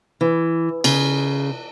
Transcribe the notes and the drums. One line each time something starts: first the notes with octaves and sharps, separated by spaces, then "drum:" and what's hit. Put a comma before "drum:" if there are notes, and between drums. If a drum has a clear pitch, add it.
E3
C#3, drum: cymbal